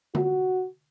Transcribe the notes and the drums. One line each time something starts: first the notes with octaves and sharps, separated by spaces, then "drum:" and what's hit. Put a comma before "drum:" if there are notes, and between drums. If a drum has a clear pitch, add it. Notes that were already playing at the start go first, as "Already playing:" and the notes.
F#4, drum: tom D3